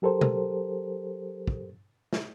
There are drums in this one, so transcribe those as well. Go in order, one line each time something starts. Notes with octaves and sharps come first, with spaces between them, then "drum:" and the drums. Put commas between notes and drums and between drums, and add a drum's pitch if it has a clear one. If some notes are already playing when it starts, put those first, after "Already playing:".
F#3 G4 A4 A#4 C5
drum: tom
drum: kick
drum: snare